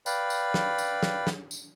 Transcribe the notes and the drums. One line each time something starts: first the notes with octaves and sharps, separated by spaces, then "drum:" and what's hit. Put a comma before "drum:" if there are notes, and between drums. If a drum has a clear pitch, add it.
B4 D5 F5 G5 B5, drum: tambourine
drum: tambourine
drum: snare
drum: tambourine
drum: snare
drum: snare
drum: tambourine